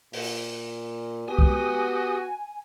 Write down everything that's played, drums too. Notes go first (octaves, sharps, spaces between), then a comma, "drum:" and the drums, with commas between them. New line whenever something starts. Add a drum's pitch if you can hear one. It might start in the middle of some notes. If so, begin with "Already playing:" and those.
A#2, drum: open hi-hat
B3 F#4 G4 G#5 D#6
drum: kick